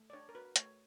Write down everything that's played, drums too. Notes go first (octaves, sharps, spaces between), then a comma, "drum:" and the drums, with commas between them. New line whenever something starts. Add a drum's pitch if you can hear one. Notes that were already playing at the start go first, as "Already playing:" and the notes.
Already playing: A3
D5
D4 C#5
A#4
F#4 B4
A3 C#5, drum: hi-hat